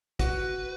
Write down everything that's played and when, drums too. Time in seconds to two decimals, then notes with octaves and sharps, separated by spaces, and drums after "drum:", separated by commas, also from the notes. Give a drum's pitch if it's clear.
0.19 F#4 B4, drum: kick, hi-hat